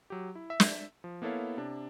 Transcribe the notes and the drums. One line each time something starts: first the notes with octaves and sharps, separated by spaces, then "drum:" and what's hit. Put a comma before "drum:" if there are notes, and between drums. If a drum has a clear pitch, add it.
F#3 G4
E4
E5
drum: snare
F3
A#3 B3 E4 A4 C#5 F5
C3 D4